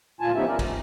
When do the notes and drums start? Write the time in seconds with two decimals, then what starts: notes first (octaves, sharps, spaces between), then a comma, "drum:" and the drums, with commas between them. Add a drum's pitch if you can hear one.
0.20 D2 A#2 F4 G#5 A5
0.35 F3 B3 C#4 D#4 G4 E5
0.47 E2 A#4 D5
0.59 A3, drum: kick, cymbal